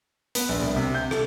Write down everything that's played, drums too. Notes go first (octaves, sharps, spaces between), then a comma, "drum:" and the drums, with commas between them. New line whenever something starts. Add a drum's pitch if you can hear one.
B3, drum: hi-hat
A#1
C2
C3
G6
A4, drum: rim click